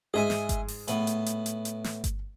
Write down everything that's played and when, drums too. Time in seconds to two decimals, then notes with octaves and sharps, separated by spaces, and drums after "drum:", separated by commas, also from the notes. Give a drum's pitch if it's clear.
0.14 G#2 G#4 D#5 E5 G#5
0.30 drum: snare
0.49 drum: kick G1, hi-hat
0.68 drum: open hi-hat
0.88 A2 B3, drum: hi-hat
1.07 drum: hi-hat
1.26 drum: hi-hat
1.46 drum: hi-hat
1.65 drum: hi-hat
1.84 drum: snare
2.04 drum: kick G1, hi-hat